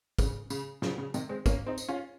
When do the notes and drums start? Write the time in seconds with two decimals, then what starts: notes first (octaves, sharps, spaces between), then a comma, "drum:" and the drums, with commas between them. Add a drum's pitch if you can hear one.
0.19 C#3, drum: kick, tambourine
0.50 C#3, drum: tambourine
0.82 C#3 F3, drum: snare
0.98 C#3
1.14 C3 D#3, drum: tambourine
1.29 G#3 C4
1.46 A#3 C#4, drum: kick, tambourine
1.66 C4 D#4
1.78 drum: tambourine
1.88 C#4 F4